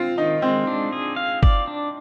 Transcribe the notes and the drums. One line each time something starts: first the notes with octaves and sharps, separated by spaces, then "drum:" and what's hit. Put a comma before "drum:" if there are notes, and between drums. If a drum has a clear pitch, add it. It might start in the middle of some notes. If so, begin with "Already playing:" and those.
Already playing: C4 F4
D#3 D#4
G#3 C4
D4
G#4
F5
D5, drum: kick
D4